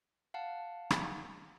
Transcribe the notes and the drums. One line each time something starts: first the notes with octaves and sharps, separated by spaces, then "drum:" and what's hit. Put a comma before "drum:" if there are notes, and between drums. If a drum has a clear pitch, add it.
F5 F#5 A5
drum: rim click